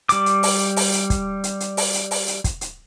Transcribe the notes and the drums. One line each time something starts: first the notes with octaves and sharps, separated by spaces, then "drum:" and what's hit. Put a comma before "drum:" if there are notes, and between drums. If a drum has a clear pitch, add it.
G3 D6, drum: hi-hat
drum: hi-hat
drum: open hi-hat
drum: open hi-hat
drum: hi-hat
drum: kick, hi-hat
drum: hi-hat
drum: hi-hat
drum: open hi-hat
drum: hi-hat
drum: open hi-hat
drum: hi-hat
drum: kick, hi-hat
drum: hi-hat